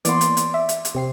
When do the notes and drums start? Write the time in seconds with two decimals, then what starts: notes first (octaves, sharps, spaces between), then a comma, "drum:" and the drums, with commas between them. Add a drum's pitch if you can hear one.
0.05 E3 A#3 B3 D5 C6, drum: hi-hat
0.21 drum: hi-hat
0.37 drum: hi-hat
0.54 E5
0.69 drum: hi-hat
0.85 drum: hi-hat
0.95 C3 C4 C7